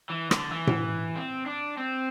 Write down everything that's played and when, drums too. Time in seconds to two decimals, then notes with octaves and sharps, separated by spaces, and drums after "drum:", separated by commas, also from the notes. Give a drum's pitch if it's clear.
0.10 E3
0.31 D3, drum: rim click
0.52 E3
0.67 drum: tom A2
1.16 C4
1.46 D4
1.78 C4